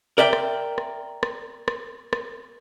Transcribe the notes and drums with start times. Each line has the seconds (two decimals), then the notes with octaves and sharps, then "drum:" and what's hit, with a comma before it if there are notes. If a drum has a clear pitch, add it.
0.18 A#4 D5 E5 G5
0.33 drum: rim click
0.78 drum: rim click
1.23 drum: rim click
1.68 drum: rim click
2.13 drum: rim click